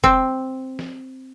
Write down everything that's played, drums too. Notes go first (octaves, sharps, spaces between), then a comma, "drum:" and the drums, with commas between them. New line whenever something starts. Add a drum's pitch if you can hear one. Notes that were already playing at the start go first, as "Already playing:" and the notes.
C4, drum: kick F1
drum: snare